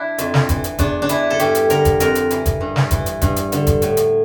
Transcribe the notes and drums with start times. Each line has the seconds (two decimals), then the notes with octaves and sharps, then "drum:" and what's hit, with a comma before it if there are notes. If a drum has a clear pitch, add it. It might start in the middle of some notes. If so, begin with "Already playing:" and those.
Already playing: D4 E4
0.18 F2, drum: hi-hat
0.34 drum: snare
0.49 E3, drum: kick F1, hi-hat
0.64 drum: hi-hat
0.78 E2 D4, drum: kick F1, hi-hat
1.02 D4
1.09 E3 E4, drum: hi-hat
1.30 A4
1.39 G2 G4, drum: hi-hat
1.55 drum: hi-hat
1.70 D3 A#4, drum: hi-hat
1.85 drum: kick F1, hi-hat
2.00 F2 A#4, drum: hi-hat
2.15 drum: hi-hat
2.30 E3, drum: hi-hat
2.46 drum: kick F1, hi-hat
2.61 G2
2.76 drum: snare
2.91 E3, drum: kick F1, hi-hat
3.06 drum: hi-hat
3.21 G2, drum: kick F1, hi-hat
3.36 drum: hi-hat
3.52 D3, drum: hi-hat
3.67 drum: kick F1, hi-hat
3.82 A2, drum: hi-hat
3.97 drum: hi-hat